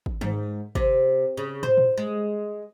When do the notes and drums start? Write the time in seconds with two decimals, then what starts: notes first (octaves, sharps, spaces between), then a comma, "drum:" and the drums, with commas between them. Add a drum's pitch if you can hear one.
0.06 drum: kick
0.21 G#2, drum: tom D#3
0.75 C3, drum: kick
1.37 C#3
1.63 C5, drum: tom
1.77 drum: tom A#2
1.98 G#3